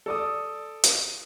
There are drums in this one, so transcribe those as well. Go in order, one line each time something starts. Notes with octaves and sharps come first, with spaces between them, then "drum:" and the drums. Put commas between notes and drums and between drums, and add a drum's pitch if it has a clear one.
A4 D5 D#6
drum: hi-hat